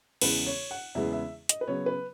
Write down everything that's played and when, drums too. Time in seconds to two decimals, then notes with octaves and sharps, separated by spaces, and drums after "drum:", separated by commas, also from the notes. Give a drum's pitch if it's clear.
0.21 E2 C#3 E3 G#3 B3 B4, drum: cymbal
0.47 C#5
0.71 F#5
0.95 E2 C#3 E3 G#3 B3 E5
1.12 E5
1.49 D#5, drum: hi-hat
1.61 B4
1.68 C#3 F#3 B3 C#5
1.86 B4